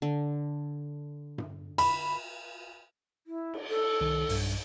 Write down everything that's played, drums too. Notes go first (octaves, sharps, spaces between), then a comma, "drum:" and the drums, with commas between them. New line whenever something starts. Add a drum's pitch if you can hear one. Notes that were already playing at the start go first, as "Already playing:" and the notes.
D3
drum: tom G2
B5, drum: cymbal
E4
drum: cymbal
A4
C2 D#3
B1 G2, drum: open hi-hat